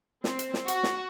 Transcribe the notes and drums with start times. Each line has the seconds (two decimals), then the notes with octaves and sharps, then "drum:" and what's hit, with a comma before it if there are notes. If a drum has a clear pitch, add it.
0.24 C4, drum: snare
0.39 drum: hi-hat
0.54 drum: snare
0.68 F#4, drum: hi-hat
0.83 drum: snare